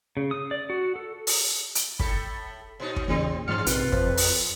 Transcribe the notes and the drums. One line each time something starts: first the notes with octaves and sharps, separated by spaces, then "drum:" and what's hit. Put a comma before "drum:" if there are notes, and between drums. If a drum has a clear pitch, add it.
C#3
D#6
D5
F#4
A4
drum: open hi-hat
drum: hi-hat
A2 A4 B5, drum: kick
A#2 D#4 C#5
drum: kick
E2 A#2 C#3 G3 C4
G#2 E3 F6 C#7
A#1 C3 F4 B4 C#7, drum: hi-hat
F2 C5, drum: kick
drum: open hi-hat